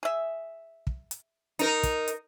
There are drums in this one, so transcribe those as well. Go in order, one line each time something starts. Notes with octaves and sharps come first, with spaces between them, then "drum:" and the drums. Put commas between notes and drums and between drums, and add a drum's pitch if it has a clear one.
G#4 E5
drum: kick
drum: hi-hat
D#4 A#4, drum: hi-hat
drum: kick, hi-hat
drum: hi-hat